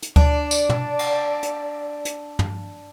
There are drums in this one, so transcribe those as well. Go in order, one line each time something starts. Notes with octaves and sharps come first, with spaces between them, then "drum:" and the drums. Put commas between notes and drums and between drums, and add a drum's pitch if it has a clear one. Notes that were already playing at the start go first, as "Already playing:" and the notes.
drum: hi-hat
D4 D5, drum: kick D2
drum: tambourine
drum: tom
drum: cymbal
drum: hi-hat
drum: hi-hat
drum: tom